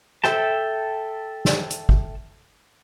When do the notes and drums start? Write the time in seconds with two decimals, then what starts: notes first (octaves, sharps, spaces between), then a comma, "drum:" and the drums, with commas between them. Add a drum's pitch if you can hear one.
0.24 A4 E5 G5 A5, drum: rim click
1.45 drum: snare
1.70 drum: hi-hat
1.89 drum: kick